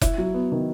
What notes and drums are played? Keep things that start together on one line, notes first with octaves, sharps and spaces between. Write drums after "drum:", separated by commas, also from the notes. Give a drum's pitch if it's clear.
E4, drum: kick F1, hi-hat
F#3
B3
D#3